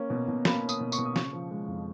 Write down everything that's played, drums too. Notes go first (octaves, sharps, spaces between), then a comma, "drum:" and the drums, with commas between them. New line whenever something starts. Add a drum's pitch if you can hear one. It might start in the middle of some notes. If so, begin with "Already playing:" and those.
Already playing: A#3 C#4
B2
B2
A#3 B5, drum: snare
C#4
D#6, drum: tambourine
B2
C#6, drum: tambourine
B2
D#6
C#3 C#6, drum: snare
F3
G#3
F2